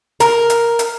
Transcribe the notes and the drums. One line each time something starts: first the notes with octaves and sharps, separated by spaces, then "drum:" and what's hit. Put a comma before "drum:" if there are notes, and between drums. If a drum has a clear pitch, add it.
A#4, drum: hi-hat
drum: hi-hat
drum: hi-hat